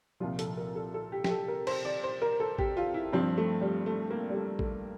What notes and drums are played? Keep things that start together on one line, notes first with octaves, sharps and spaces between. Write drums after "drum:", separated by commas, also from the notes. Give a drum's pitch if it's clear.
C2 A#2 F3 F4
A4, drum: hi-hat
A#4
A4
A4
G4
G4, drum: snare
A4
A#4
C5, drum: cymbal
D5
C5
A#4
A4
G4, drum: kick A1
F4
E4
G2 F3 C4
A3
G3
A3
A#3
G3
A3
A3, drum: kick A1